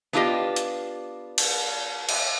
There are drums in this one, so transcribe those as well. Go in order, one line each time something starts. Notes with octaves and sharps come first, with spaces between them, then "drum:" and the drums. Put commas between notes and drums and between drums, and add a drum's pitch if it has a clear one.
B3 D4 E4 F4 G4 D#5
drum: hi-hat
drum: cymbal
drum: cymbal